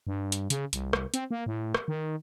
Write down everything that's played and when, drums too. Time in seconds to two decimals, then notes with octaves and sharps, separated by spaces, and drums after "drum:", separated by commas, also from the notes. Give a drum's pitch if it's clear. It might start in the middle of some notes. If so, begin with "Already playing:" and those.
0.07 G2
0.32 drum: hi-hat
0.50 C#3, drum: hi-hat
0.73 C2, drum: hi-hat
0.93 drum: rim click
1.14 C4, drum: hi-hat
1.31 A#3
1.46 A2
1.75 drum: rim click
1.88 D#3